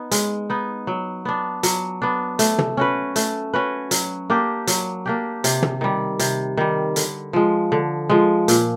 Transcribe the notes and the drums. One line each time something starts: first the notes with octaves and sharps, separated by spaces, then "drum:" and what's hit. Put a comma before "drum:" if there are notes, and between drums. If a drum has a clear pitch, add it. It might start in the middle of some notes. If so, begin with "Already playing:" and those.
Already playing: B3 D#4
G#3, drum: hi-hat
B3 D#4
F#3
B3 D4
F#3, drum: hi-hat
B3 D4
A3, drum: hi-hat
drum: tom
C#4 F#4 B4
A3, drum: hi-hat
C#4 F#4 B4
F#3, drum: hi-hat
A#3 D4 G4
F#3, drum: hi-hat
A#3 D4 G4
C3, drum: hi-hat
drum: tom
D#3 G3
C3, drum: hi-hat
D#3 G3
D3, drum: hi-hat
F3 G#3
D3
F3 G#3
A#2, drum: hi-hat